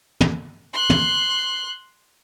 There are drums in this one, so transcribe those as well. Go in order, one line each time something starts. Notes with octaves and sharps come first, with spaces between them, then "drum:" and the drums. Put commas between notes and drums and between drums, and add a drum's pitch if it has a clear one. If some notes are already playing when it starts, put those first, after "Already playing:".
drum: tom
C6 F#6
drum: tom